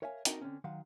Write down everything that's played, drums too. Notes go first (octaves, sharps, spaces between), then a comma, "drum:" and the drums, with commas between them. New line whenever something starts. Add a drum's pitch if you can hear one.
A#4 C#5 E5 F5 G#5
C4 D4 D#4 F#4 A#4 D#5, drum: hi-hat
D3 C4 C#4
D#3 F#3 F5 F#5 C6